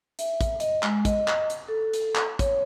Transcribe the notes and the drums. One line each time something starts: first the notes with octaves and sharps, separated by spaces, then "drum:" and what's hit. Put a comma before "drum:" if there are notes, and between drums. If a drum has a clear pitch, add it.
E5, drum: hi-hat
drum: kick, hi-hat
D#5, drum: hi-hat
G#3, drum: clap
D#5, drum: kick, hi-hat
drum: clap
drum: hi-hat
A4
drum: hi-hat
drum: clap
C#5, drum: kick, hi-hat